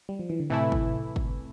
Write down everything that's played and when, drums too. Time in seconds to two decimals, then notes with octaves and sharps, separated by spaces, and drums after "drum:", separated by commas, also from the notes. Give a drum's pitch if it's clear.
0.09 G3
0.19 F3
0.30 E3
0.40 D3
0.50 A2 C3 E3 A3 E4
0.72 drum: kick G1
1.16 drum: kick G1